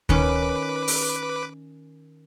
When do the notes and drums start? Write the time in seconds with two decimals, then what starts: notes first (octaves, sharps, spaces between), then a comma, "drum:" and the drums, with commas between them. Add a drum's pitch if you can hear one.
0.09 D#3 C#4 B4 D6, drum: kick D2
0.88 drum: open hi-hat